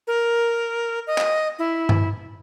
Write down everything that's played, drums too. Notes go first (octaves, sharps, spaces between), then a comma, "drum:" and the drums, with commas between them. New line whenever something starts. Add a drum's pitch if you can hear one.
A#4
D#5
drum: clap
E4
drum: tom G2